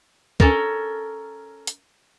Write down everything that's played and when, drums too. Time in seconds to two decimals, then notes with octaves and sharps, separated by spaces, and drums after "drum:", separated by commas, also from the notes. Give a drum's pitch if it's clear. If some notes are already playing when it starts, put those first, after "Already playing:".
0.40 C#4 A4 A#4, drum: kick
1.67 drum: hi-hat